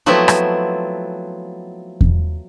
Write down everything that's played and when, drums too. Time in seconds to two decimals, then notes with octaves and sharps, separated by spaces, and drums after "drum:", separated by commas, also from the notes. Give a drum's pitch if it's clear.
0.06 F3 F#3 A3 B3 C4 E4
0.28 drum: rim click
2.01 drum: kick E2